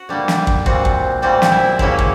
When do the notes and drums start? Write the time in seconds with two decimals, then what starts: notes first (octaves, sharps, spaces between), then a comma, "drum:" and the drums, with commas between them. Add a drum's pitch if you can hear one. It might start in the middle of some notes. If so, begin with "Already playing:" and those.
Already playing: F#4
0.09 D3 G3 A#3
0.28 drum: snare
0.47 drum: kick
0.66 A#2 G3 C4 F#4, drum: kick
0.85 drum: kick
1.22 A#2 G3 C4 F#4
1.42 drum: snare
1.52 E4
1.79 C#3 F#3 A#3 C#4 E4, drum: kick
1.99 drum: kick